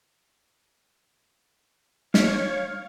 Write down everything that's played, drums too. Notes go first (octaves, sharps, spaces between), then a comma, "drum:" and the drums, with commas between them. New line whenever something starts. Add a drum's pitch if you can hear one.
C#5 F5, drum: snare